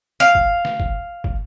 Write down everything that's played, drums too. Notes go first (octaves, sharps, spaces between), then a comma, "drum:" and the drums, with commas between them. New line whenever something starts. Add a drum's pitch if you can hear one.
F5
drum: kick
drum: snare
drum: kick
drum: kick